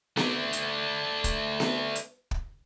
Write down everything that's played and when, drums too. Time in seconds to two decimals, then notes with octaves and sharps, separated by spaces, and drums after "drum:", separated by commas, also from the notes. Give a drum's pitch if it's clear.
0.17 A3 D4, drum: snare B3
0.53 drum: hi-hat
1.24 drum: kick, hi-hat
1.60 drum: snare B3
1.95 drum: hi-hat
2.31 drum: kick